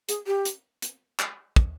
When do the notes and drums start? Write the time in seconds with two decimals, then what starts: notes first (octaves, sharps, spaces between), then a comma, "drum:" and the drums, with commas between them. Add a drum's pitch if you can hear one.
0.09 G#4, drum: hi-hat
0.27 G4
0.45 drum: hi-hat
0.82 drum: hi-hat
1.19 drum: clap
1.56 drum: kick